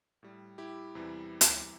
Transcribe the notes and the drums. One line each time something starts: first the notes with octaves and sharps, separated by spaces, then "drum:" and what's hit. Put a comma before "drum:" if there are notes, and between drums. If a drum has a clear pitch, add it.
A2 G3
E4 G4
E2 C3 E3 G3
drum: hi-hat